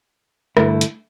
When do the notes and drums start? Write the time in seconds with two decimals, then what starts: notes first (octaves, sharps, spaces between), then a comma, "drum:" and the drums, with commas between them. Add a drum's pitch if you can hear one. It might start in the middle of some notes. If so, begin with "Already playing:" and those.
0.57 G2 D3 A3 E4, drum: rim click
0.81 drum: hi-hat